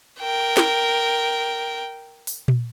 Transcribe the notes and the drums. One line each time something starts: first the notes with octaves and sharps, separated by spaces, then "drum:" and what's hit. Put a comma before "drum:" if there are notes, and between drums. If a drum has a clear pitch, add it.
A#4 G5
drum: snare
drum: open hi-hat
drum: tom A#2